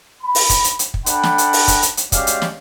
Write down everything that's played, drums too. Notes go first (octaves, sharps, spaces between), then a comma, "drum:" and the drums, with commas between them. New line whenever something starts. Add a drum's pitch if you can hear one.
B5
drum: open hi-hat
drum: kick, hi-hat
drum: hi-hat
drum: hi-hat
drum: kick
D4 A4 F#5 G5 B5, drum: hi-hat
drum: snare
drum: hi-hat
drum: open hi-hat
drum: kick, hi-hat
drum: hi-hat
drum: hi-hat
G#3 C#4 F#4 G4 D5 F5, drum: kick, hi-hat
drum: hi-hat
drum: snare